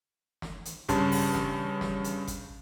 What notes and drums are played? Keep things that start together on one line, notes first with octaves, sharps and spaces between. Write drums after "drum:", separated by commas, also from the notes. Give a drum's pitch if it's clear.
drum: snare
drum: hi-hat
G2 C#3 A5 C6, drum: kick G#1, hi-hat
drum: open hi-hat
drum: snare
drum: snare
drum: hi-hat
drum: kick G#1, hi-hat